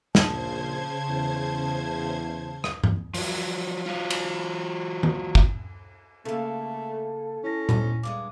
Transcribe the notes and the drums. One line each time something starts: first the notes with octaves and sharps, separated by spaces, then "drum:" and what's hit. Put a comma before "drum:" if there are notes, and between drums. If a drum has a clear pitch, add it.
A#1 C#3 C5 A5 G#6, drum: snare
E2
drum: rim click
drum: tom G2
F3 F#3, drum: open hi-hat
F#3 F4
drum: cymbal
drum: tom D#3
drum: kick
C#3 A3 A#3 A4
C#4 E4 A#6
G#2 B2 D#4, drum: tom A#2
G2 D3 G#3 D6